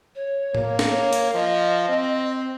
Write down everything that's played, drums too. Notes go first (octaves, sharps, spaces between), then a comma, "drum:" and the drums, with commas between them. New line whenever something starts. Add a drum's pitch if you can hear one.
C#5
A#3, drum: tom A2
drum: snare
C#5
drum: hi-hat
F3 D#5
C4